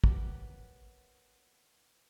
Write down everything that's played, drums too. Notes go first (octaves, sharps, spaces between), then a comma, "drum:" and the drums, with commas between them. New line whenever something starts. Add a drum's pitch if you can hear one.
A#3 B3 C#4 G4 G5, drum: kick